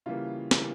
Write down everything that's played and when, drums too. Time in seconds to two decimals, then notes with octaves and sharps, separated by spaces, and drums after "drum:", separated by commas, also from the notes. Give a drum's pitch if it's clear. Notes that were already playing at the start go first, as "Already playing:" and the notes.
0.06 C#3 E3 G3 A#3 F4
0.51 C#3 E3 G3 A#3, drum: snare